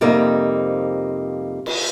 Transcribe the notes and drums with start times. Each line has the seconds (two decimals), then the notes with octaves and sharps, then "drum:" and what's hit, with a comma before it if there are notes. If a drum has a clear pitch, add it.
0.01 F2 C3 G3 A#3 D#4
1.66 drum: cymbal